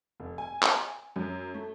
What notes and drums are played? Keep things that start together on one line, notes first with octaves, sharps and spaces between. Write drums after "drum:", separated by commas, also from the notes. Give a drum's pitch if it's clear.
F1
G#5
drum: clap
F#2
A3